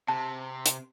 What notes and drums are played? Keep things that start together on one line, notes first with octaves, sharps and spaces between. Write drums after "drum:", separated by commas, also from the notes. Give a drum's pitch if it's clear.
C3 A5
drum: hi-hat